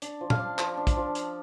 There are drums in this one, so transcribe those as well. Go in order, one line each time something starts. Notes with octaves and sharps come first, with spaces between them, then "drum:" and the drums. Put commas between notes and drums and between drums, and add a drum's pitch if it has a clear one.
D4, drum: hi-hat
F3
F5, drum: tom
D4
F3, drum: clap
D4
drum: kick, hi-hat
F3
drum: hi-hat